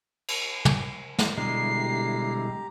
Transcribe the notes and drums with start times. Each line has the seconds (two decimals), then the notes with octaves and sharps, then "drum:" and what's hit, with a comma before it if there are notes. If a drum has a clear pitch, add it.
0.28 drum: cymbal
0.65 drum: tom
1.18 drum: snare
1.38 B2 D3 G3 G#3 E4 G4 A#5 C7